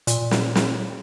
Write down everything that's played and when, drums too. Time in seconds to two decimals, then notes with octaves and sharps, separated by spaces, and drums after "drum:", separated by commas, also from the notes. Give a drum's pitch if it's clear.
0.07 A#2, drum: hi-hat
0.31 drum: snare
0.55 drum: snare